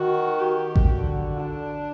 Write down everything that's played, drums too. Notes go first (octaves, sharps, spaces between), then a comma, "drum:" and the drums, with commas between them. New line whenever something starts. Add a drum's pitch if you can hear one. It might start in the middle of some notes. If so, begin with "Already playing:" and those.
Already playing: D#3 F#4
G4
drum: kick A1
D3 F#4
D4